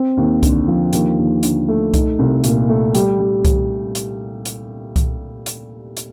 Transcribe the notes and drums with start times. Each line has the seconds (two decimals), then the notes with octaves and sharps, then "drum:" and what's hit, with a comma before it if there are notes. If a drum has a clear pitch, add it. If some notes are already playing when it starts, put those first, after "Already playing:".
Already playing: C4
0.17 D#2
0.43 D3, drum: kick C2, hi-hat
0.68 F3
0.93 D#2, drum: hi-hat
1.18 D#2
1.43 D3, drum: hi-hat
1.68 A3
1.94 D#4, drum: kick C2, hi-hat
2.19 C2
2.44 A#2, drum: hi-hat
2.69 A3
2.95 G3, drum: hi-hat
3.19 G3
3.45 drum: kick C2, hi-hat
3.95 drum: hi-hat
4.45 drum: hi-hat
4.96 drum: kick C2, hi-hat
5.46 drum: hi-hat
5.97 drum: hi-hat